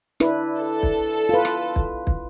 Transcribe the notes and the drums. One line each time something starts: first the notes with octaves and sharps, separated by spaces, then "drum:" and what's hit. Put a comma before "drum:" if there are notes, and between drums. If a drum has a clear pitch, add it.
D4 E4 B4, drum: rim click
A4
drum: kick
F4 B4
drum: rim click
drum: kick
drum: kick